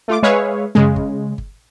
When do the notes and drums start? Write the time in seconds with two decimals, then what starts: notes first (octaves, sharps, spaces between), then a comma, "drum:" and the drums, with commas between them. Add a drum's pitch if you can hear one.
0.08 A3 F4 D6
0.23 G#3 G#4 B4 C#5 E5 F5
0.75 C#3 G#3, drum: tom
0.96 drum: kick G1
1.38 drum: kick G1